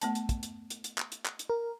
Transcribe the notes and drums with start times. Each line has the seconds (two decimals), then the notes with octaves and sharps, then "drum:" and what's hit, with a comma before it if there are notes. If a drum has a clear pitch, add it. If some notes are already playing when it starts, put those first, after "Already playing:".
0.01 A3 B3 A5, drum: hi-hat
0.15 drum: hi-hat
0.29 drum: kick, hi-hat
0.43 drum: hi-hat
0.70 drum: hi-hat
0.84 drum: hi-hat
0.98 drum: clap
1.12 drum: hi-hat
1.26 drum: clap
1.39 drum: hi-hat
1.50 A#4